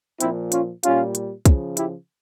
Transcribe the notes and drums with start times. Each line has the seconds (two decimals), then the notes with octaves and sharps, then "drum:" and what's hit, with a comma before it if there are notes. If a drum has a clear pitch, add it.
0.20 A#2 F3 C4 E4, drum: hi-hat
0.52 C#4 F4, drum: hi-hat
0.83 A#2 G3 C#4 F4, drum: hi-hat
1.15 drum: hi-hat
1.45 C#3 F3, drum: kick, hi-hat
1.77 E4 G4, drum: hi-hat